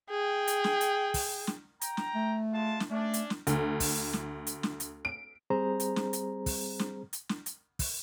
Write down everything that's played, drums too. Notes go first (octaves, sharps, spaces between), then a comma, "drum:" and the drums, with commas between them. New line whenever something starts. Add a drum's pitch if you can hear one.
G#4 G5
drum: hi-hat
drum: snare
drum: hi-hat
drum: kick, open hi-hat
drum: snare
G5 A#5, drum: hi-hat
drum: snare
A3
G#3 F4 A5
drum: snare
A3 C#4 D4
drum: hi-hat
drum: snare
D2, drum: hi-hat
drum: kick, open hi-hat
drum: snare
drum: hi-hat
drum: snare
drum: hi-hat
D7
G3 C4 G#4 C5 A#5
drum: hi-hat
drum: snare
drum: hi-hat
drum: kick, open hi-hat
drum: snare
drum: hi-hat
drum: snare
drum: hi-hat
drum: kick, open hi-hat